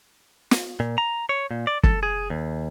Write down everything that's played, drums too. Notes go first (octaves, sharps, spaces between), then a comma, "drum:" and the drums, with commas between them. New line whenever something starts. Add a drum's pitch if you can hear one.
drum: snare
A#2
A#5
C#5
A#2
D5
A4, drum: kick
G#4
D#2